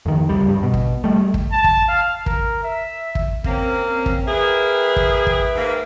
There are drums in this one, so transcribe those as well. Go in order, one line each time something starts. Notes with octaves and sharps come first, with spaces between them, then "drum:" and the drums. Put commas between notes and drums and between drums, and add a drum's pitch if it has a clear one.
F2 D#3
C#2 G3
G2 G3
B2
drum: kick
G3 A3
drum: kick
A5
drum: kick
F5
A#4, drum: kick
E5
drum: kick
A#3 C4 C#4, drum: kick
drum: kick
A#3 G#4 B4 E5 G5
drum: kick
drum: kick
G#2 A#3